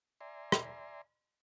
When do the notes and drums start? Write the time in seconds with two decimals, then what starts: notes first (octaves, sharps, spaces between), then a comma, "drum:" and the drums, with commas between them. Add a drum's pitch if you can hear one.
0.21 D5 E5 G#5 A#5 C6
0.52 drum: rim click